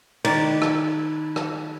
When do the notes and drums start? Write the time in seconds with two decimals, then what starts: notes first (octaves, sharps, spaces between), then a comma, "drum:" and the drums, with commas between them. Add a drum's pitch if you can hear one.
0.24 D#3 D5, drum: cymbal
0.62 drum: rim click
1.36 drum: rim click